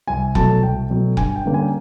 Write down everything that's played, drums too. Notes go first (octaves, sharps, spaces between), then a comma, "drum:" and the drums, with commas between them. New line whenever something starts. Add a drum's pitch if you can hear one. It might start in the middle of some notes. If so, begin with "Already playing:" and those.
C2 G#5
B2 F#3 A3 A5, drum: kick F1
C2 G5
B2 F#3 A3
G2 G#5, drum: kick F1
G5
D3 G3 A#3 C#4
G#5